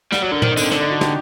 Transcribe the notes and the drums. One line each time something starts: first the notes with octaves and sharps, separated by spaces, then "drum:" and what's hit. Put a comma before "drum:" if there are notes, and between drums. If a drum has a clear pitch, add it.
G3 F#5, drum: snare
F#3 D5
D3 A#4
D#3 C5, drum: tom
D#4
D3 C4, drum: tambourine
D3 D4, drum: snare
D#4
F#4
G4, drum: snare